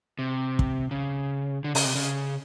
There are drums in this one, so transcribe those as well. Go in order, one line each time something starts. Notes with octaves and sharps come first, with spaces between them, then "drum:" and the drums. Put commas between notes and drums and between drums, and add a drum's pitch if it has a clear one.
C3
drum: kick
C#3
D3
C#3, drum: open hi-hat
C3
C#3